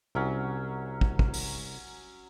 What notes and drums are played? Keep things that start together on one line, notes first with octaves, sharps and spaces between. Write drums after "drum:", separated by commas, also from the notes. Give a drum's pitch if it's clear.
C2 F#3 C#4
drum: kick
drum: kick
drum: open hi-hat